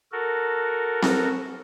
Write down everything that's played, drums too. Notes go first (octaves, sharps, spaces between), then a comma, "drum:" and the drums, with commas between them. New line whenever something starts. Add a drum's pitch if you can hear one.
F#4 A4 A#4
drum: snare C4